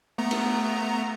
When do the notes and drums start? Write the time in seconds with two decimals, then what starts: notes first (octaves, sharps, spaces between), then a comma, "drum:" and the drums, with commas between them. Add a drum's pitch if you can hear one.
0.18 A3 B3 A#5
0.31 drum: cymbal